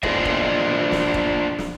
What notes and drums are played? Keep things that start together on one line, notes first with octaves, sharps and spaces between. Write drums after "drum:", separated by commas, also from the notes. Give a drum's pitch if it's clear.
D4 F4 G#4 C5 D#5 E5, drum: kick
drum: kick
drum: snare
drum: kick
drum: snare